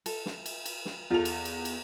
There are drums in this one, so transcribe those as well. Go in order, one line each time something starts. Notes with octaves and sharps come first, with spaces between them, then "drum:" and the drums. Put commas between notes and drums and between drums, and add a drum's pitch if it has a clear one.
A4, drum: cymbal
drum: snare
drum: cymbal
drum: cymbal
drum: snare
E2 F4 A4 F7
drum: cymbal
drum: cymbal
drum: cymbal